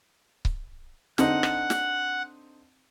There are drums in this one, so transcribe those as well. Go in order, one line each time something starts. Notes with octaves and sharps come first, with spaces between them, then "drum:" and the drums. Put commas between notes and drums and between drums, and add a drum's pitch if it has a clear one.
drum: kick C#1
D3 C4 D#4 F#5, drum: snare
drum: rim click
drum: snare